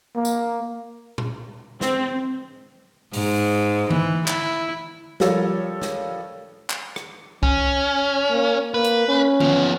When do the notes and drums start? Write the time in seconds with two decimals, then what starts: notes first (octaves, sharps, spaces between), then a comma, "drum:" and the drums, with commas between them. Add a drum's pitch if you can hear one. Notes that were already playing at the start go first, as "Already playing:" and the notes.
0.16 A#3
0.25 drum: tambourine
1.18 drum: tom A#2
1.81 C4, drum: snare
3.13 G#2, drum: open hi-hat
3.91 E3, drum: tom D3
4.28 E4, drum: clap
5.20 F3 G3 A4 A#4 C#5, drum: snare
5.82 drum: snare
6.70 drum: clap
6.96 drum: rim click
7.43 C#4, drum: kick C2
8.30 A#3
8.74 A#3 B4
8.84 drum: hi-hat
9.08 C#4
9.40 F3 B3, drum: tom D3